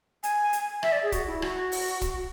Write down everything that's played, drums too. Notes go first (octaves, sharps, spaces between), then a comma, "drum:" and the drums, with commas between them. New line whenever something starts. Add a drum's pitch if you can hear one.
G#5, drum: hi-hat
drum: hi-hat
E5, drum: rim click
D5
G#4
F#4, drum: kick, hi-hat
E4
F#4, drum: rim click
drum: open hi-hat
drum: kick, hi-hat